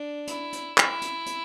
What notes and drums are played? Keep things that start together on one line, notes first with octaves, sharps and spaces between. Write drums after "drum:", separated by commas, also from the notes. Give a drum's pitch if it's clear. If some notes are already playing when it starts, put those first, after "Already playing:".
Already playing: D4
E4, drum: hi-hat
drum: hi-hat
E4, drum: clap
drum: hi-hat
drum: hi-hat